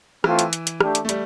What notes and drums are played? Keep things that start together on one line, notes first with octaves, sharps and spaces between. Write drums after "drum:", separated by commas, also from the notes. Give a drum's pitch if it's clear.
E3 A3 C4 F4, drum: rim click
drum: hi-hat
drum: hi-hat
drum: hi-hat
A3 D4 G4, drum: rim click
drum: hi-hat
A3
G3, drum: hi-hat